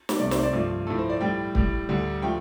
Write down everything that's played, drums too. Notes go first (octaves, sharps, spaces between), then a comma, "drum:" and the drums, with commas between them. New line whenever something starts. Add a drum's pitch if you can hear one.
drum: snare
C2 C3 A3 D5
C5, drum: snare
D5
G2 F3 A3
A2 F3 A3 A4
C5
D5
A2 G3 G5
A2 G3, drum: kick C#1
D2 D3 G3
F3 A3 G5